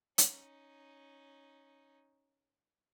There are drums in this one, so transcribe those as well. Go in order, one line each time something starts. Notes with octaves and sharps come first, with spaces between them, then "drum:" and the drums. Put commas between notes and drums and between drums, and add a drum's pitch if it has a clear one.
C#4 D#4, drum: hi-hat